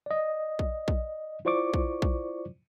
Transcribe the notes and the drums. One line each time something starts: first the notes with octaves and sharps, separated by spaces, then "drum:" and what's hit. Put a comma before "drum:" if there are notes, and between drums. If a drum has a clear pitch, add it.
D5 D#5
drum: kick A#1
drum: kick A#1
E4 F4 C5 D5 C#6 D6
drum: kick A#1
drum: kick A#1